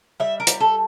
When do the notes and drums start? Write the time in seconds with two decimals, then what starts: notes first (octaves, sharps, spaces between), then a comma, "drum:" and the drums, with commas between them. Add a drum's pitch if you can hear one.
0.20 G3 E5
0.40 A#4
0.47 G3, drum: hi-hat
0.60 A4